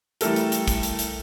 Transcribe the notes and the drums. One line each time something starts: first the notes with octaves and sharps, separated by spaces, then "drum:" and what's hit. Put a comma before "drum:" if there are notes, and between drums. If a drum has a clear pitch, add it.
E3 G3 A3 A4 A#4, drum: hi-hat
drum: hi-hat
drum: hi-hat
drum: kick, hi-hat
drum: hi-hat
drum: hi-hat